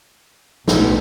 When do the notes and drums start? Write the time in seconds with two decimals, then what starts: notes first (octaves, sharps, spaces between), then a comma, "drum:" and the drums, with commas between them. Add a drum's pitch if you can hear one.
0.68 B1 B2 A3, drum: snare